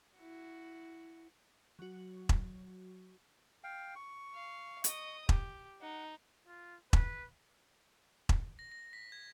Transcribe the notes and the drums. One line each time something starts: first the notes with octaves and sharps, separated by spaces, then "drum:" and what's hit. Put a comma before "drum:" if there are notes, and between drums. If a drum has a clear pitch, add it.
E4 F#4
F#3 F#4
drum: kick E1
F5 G5
C#6
F5
D#5 D#6, drum: hi-hat
G4, drum: kick E1
D#4 F#5
F4
B4, drum: kick E1
drum: kick E1
A#6
A#6
B6
G#6